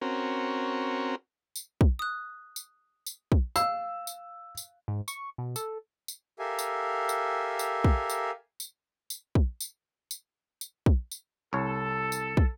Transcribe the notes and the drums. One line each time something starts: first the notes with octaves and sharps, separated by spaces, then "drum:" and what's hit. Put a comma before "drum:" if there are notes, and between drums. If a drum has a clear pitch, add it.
C4 C#4 F#4 A#4
drum: tambourine
drum: kick
D#6 F#6
drum: tambourine
drum: tambourine
drum: kick
F5 E6, drum: tambourine
drum: tambourine
drum: tambourine
G#2
C#6, drum: tambourine
B2
A4, drum: tambourine
drum: tambourine
G4 A4 A#4 E5 F5 G#5
drum: tambourine
drum: tambourine
drum: tambourine
drum: kick
drum: tambourine
drum: tambourine
drum: tambourine
drum: kick
drum: tambourine
drum: tambourine
drum: tambourine
drum: kick
drum: tambourine
C2 A4 C#5
drum: tambourine
drum: kick